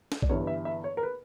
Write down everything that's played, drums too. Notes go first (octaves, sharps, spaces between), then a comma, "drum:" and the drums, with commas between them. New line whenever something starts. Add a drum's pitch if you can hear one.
drum: snare
D5, drum: kick A#1
G1 G2 E3 C#5
E5
E5
C#5
A#4
B4